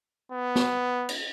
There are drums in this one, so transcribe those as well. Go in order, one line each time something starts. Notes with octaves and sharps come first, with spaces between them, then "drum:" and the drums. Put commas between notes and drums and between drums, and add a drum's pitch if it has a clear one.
B3
drum: snare B3
drum: cymbal